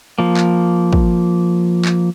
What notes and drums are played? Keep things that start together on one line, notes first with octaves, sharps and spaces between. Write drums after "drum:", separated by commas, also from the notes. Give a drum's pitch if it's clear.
F3 A#3
drum: clap
drum: kick
drum: clap